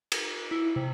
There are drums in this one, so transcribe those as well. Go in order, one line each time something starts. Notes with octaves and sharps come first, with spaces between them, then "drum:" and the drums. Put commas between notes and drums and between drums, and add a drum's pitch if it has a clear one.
A#4, drum: cymbal
E4
C3